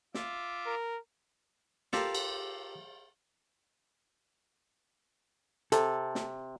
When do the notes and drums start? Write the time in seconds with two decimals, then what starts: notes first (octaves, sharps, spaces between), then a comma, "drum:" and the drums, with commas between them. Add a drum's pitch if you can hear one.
0.14 F4 E5 D6, drum: snare
0.66 A#4
1.93 F4 G4 A4 A#4 C5 D5, drum: snare
2.15 drum: cymbal
5.72 C3 A4, drum: hi-hat
6.15 drum: snare